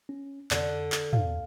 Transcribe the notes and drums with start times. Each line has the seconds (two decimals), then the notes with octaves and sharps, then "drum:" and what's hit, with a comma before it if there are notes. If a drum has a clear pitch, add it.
0.09 C#4
0.51 F2 D3, drum: clap
0.92 drum: clap
1.13 F5, drum: tom